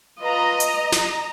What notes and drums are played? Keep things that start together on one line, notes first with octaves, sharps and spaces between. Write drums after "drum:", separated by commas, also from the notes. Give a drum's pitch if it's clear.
F4 B4 D#5 A#5
A#5, drum: hi-hat
drum: snare